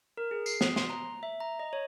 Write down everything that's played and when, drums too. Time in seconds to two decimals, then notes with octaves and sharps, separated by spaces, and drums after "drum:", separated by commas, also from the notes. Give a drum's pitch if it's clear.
0.17 A#4
0.31 G#4
0.46 C7, drum: tambourine
0.61 D#6, drum: snare
0.76 C6, drum: snare
0.90 A#5
1.23 E5
1.40 A#5
1.59 D#5
1.73 C#5